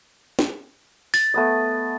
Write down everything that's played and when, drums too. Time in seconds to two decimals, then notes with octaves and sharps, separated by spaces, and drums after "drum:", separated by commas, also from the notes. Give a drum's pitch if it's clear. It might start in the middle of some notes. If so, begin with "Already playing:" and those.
0.39 drum: snare
1.14 A6, drum: open hi-hat
1.34 A3 B3 D#5